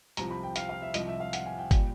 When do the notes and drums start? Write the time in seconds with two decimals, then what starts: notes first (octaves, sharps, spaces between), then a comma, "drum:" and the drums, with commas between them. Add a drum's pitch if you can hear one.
0.17 C2 C3 F3 A#5, drum: hi-hat
0.31 B5
0.43 G5
0.56 F5, drum: hi-hat
0.69 F5
0.82 E5
0.94 C2 C3 F3 D#5, drum: hi-hat
1.08 E5
1.20 F5
1.33 F#5, drum: hi-hat
1.46 G#5
1.58 G5
1.71 A#2 G3, drum: kick G1, hi-hat